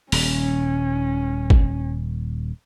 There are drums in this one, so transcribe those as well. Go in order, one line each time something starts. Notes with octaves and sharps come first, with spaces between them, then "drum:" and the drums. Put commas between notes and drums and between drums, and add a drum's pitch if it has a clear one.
D#1 C#4, drum: open hi-hat
drum: kick